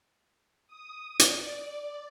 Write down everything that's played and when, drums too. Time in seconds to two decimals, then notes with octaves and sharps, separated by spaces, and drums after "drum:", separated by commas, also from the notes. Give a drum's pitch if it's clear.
0.67 D#6
1.19 D5, drum: hi-hat